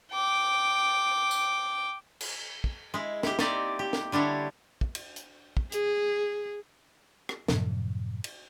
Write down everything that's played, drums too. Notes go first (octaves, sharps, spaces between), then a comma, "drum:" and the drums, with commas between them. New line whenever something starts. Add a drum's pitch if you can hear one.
G5 D6
drum: tambourine
drum: cymbal
drum: kick
G#3 E4
E4 G4, drum: snare
A#3 C4 D#4 E4 G4 D5, drum: snare
G4
drum: snare
D3 G3 D4 E4 C#5
drum: kick
drum: cymbal
drum: hi-hat
drum: kick
G#4, drum: hi-hat
drum: rim click
F#2 A2 C3 F3, drum: snare
drum: cymbal